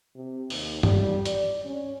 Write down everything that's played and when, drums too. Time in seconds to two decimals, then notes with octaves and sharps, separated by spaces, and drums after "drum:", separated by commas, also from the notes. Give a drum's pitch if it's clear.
0.16 C3
0.50 D#2, drum: open hi-hat
0.83 G3, drum: tom G2
1.25 D5, drum: hi-hat
1.65 C#4